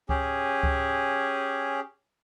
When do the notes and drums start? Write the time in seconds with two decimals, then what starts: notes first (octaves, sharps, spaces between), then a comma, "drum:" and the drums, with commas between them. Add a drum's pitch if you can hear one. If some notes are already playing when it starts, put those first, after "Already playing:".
0.09 C#4 G4 G#4, drum: kick C#2
0.63 drum: kick C#2